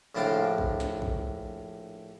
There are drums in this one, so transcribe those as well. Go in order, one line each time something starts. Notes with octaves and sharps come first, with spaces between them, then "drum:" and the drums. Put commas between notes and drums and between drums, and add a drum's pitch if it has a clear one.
A#1 A2 D4 C5 F5 G5
drum: kick
drum: snare
drum: kick